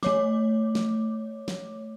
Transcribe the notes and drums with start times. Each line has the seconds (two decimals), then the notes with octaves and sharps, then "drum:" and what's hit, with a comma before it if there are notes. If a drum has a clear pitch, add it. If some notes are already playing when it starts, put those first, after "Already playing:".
0.03 A3 C#5 D6, drum: snare
0.75 drum: snare
1.48 drum: snare